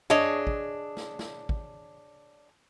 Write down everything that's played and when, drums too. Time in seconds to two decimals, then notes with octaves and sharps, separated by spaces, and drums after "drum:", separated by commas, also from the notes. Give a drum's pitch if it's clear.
0.10 D4 G#4 C#5 D#5, drum: tom F#2
0.47 drum: kick
0.97 drum: snare
1.19 drum: snare
1.49 drum: kick